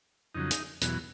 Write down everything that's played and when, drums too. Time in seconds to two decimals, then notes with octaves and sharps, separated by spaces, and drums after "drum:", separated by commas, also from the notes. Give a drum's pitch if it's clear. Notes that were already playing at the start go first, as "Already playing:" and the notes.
0.35 F2 C#3 F#3 D#4
0.51 drum: hi-hat
0.81 E2 B2 F#3, drum: hi-hat